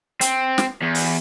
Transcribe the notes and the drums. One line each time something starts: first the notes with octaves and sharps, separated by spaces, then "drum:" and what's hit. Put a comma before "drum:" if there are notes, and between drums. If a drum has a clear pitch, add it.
C4, drum: hi-hat
drum: snare
E2
drum: open hi-hat